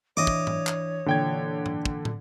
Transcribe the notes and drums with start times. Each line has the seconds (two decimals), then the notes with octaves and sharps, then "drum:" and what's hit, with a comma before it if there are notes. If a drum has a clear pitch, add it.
0.17 E3 D4 C#5 D#5 E5 D6
0.27 drum: kick
0.47 drum: tom G#2
0.67 drum: clap
1.06 A#2 D3 E3 G5 G#6
1.66 drum: tom G#2
1.85 drum: kick
2.05 drum: tom